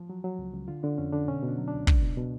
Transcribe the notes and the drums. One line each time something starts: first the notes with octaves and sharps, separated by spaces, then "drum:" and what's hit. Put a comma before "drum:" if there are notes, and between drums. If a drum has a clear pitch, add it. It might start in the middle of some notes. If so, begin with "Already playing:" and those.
Already playing: F3
F#3
F#3
C#2
C#2
D3 F4
D3 D4
F2 C#4
D3 D4
B2 C#4
B2
D4
F#3
D4
C#2
C#2, drum: kick
B2
B2